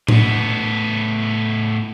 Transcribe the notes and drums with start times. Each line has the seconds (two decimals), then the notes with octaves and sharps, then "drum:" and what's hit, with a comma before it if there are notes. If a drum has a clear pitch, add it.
0.08 A2 B3, drum: tom A2